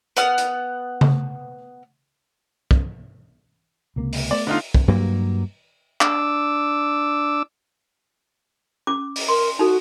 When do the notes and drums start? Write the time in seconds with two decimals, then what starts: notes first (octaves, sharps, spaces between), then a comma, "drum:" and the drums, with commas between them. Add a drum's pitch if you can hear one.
0.17 B3 F#5 F6, drum: hi-hat
0.38 drum: hi-hat
1.01 drum: tom C#3
2.71 drum: kick
3.96 C#2 C3 A#3
4.13 drum: open hi-hat
4.31 A3 B3 D5
4.47 D3 D#4 F4
4.74 drum: kick
4.88 G2 F#3 A#3
6.01 D4 D6 E6, drum: clap
8.87 C#4 D6
9.16 drum: open hi-hat
9.29 A#4 C6
9.59 D#4 F#4 A4